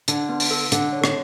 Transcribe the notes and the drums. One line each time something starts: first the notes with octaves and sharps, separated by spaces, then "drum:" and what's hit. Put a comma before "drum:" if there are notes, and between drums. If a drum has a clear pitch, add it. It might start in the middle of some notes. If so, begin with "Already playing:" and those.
D3 D4, drum: hi-hat
B3
drum: open hi-hat
A4
D3 D4, drum: hi-hat
C#5
D3, drum: rim click